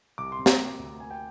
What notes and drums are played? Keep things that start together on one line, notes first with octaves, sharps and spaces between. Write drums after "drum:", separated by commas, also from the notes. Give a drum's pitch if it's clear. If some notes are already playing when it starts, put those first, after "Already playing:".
C2 D6
C6
C3
A#5, drum: snare
A#3
D2
A#3 G#5
G5